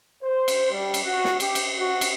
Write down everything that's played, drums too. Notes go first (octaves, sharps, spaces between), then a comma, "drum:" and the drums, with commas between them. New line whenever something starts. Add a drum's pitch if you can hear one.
C5
drum: cymbal
G3
drum: cymbal
F#4
drum: snare
G4, drum: cymbal
drum: cymbal
F#4
drum: cymbal